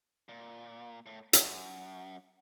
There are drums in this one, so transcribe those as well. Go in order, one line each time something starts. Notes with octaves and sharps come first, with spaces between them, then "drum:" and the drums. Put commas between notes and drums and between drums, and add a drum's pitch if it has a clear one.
A#2
A2
F#2, drum: hi-hat